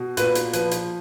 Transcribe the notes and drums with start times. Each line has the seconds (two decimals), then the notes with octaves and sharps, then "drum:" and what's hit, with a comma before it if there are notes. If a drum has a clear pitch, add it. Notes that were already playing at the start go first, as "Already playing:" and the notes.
Already playing: B2
0.17 A#2 B4, drum: hi-hat
0.35 drum: hi-hat
0.53 F3 B4, drum: hi-hat
0.71 drum: hi-hat